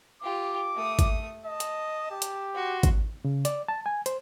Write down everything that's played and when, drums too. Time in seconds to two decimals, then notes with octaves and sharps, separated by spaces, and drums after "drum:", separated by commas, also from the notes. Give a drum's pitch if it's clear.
0.22 F4 G4 D6
0.75 A3 D#6
0.99 drum: kick G#1, hi-hat
1.46 D#5 A5
1.60 drum: hi-hat
2.11 G4
2.22 drum: hi-hat
2.55 F#4 C6
2.83 drum: kick G#1, hi-hat
3.25 C#3
3.45 D5, drum: hi-hat
3.68 A5
3.86 G#5
4.06 C5, drum: hi-hat